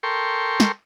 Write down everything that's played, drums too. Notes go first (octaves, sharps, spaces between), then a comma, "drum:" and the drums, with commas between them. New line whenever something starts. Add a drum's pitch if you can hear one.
A4 A#4 G5 C6 C#6
drum: snare